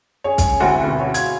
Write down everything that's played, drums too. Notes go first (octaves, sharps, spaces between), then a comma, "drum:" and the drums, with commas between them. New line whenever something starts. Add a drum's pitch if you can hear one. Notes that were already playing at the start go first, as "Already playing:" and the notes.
C#4 G#4 C#5
drum: kick, hi-hat
D2 C4 E4 F#4 E5
D2 B2
F#4 C#5
F5 G#6, drum: hi-hat